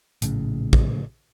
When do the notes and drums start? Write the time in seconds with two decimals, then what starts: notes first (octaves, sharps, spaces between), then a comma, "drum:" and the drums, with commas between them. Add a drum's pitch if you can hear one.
0.22 A#1 A2 C#3, drum: hi-hat
0.73 drum: kick